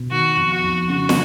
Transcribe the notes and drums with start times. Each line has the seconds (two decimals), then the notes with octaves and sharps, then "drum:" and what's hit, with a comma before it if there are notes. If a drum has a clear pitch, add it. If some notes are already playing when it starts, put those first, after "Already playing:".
Already playing: B2
0.11 D#3 F#4
0.37 F2
0.51 F#4
0.64 F2
0.90 C#3 F#4
1.09 drum: snare